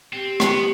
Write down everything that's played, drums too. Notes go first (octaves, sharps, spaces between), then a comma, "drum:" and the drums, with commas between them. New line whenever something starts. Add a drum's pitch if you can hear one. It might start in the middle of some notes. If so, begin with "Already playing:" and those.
C4 G4
B3, drum: rim click